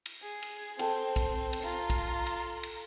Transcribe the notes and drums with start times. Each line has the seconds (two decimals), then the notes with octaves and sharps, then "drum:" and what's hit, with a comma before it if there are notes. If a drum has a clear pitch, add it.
0.06 drum: cymbal
0.22 G#4
0.42 drum: cymbal
0.79 C4 A4 G5, drum: cymbal
1.16 drum: kick B1, cymbal
1.53 drum: cymbal
1.63 F4 A#5
1.90 drum: kick B1, cymbal
2.26 drum: cymbal
2.63 drum: cymbal